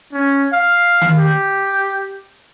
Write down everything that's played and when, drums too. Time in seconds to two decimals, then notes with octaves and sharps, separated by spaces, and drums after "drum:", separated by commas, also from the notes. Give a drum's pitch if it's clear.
0.13 C#4
0.53 F5
1.01 drum: tom D#3
1.17 G4